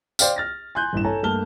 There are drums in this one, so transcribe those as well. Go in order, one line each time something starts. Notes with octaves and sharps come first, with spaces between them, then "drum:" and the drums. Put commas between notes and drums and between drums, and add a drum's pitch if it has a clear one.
C5 D5 F5 G5 F6, drum: tambourine
F6 A6 A#6
G#5 C6 F#6 G6
A1 G2 E4 E7
A4 C#5 G#5 A#5
G2 A3 A#3 A5 F6 G7